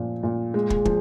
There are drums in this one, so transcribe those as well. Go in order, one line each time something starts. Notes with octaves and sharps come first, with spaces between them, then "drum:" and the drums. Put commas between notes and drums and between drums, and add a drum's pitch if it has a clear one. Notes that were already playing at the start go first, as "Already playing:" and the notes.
Already playing: A#2 F3
A#2
G#3
drum: kick
F3, drum: kick